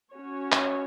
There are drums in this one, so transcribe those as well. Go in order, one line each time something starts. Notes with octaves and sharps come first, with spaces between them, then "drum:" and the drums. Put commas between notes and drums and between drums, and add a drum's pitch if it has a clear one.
C#4 F#4 C#5
drum: clap